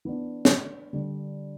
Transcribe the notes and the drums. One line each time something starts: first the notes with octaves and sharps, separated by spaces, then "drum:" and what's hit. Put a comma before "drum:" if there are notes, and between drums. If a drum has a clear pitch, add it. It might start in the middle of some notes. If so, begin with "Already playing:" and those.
E3 B3 D4
drum: snare
D3 G3 D4